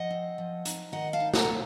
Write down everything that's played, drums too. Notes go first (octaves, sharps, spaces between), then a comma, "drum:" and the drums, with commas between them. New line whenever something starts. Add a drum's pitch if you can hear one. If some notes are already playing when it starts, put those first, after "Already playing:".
Already playing: F3 D#5 F#5
C4
F3
D#4, drum: hi-hat
D#3 D#5 F#5
F5 A5
D#4
F#5 A#5, drum: snare
D#3